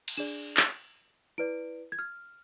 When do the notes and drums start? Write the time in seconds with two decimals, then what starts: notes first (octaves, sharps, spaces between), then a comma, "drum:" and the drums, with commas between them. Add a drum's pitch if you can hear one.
0.08 drum: cymbal
0.17 D4 G#4 D5 E7
0.57 drum: clap
1.38 E4 B4 D5 D7
1.92 G#6
1.99 F6